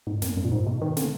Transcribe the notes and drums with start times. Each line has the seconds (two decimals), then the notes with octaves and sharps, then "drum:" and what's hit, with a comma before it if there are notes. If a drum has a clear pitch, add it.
0.07 G#2
0.22 F#2, drum: snare
0.37 F#2
0.45 A#2
0.52 G#2
0.67 B2
0.82 D#3
0.97 D3, drum: snare